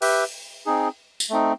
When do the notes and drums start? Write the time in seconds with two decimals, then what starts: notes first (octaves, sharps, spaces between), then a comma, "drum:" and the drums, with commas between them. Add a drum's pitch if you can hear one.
0.02 G4 B4 E5 G5, drum: open hi-hat
0.66 C4 D#4 G#4
1.20 drum: tambourine
1.30 A3 C4 D#4